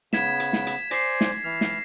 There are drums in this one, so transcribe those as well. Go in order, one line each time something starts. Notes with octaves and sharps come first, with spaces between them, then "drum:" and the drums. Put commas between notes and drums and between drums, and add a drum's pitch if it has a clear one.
C#3 B3 G#6 B6 E7, drum: snare
drum: hi-hat
drum: snare
drum: hi-hat
C5 D5 G#5 A#6 C7, drum: hi-hat
drum: snare
E3 F6
drum: snare